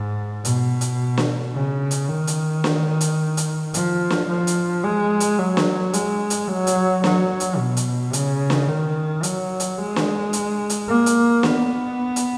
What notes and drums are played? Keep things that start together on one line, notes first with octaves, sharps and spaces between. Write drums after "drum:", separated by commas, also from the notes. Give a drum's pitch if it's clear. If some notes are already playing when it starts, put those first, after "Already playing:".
Already playing: G#2
B2, drum: hi-hat
drum: hi-hat
drum: snare
C#3
drum: hi-hat
D#3
drum: hi-hat
drum: snare
drum: hi-hat
drum: hi-hat
F3, drum: hi-hat
drum: snare
F3
drum: hi-hat
G#3
drum: hi-hat
F#3
drum: snare
G#3, drum: hi-hat
drum: hi-hat
F#3
drum: hi-hat
F#3, drum: snare
drum: hi-hat
B2
drum: hi-hat
C#3, drum: hi-hat
drum: snare
D#3
F#3, drum: hi-hat
drum: hi-hat
G#3
drum: snare
drum: hi-hat
drum: hi-hat
A#3
drum: hi-hat
B3, drum: snare
drum: hi-hat